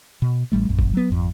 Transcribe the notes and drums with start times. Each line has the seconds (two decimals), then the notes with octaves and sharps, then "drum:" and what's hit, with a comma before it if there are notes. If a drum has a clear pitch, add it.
0.22 B2
0.52 A1 G3 A3
0.69 A#1 F#2
0.79 drum: kick F1
0.93 F#3 B3
1.10 G#1 F2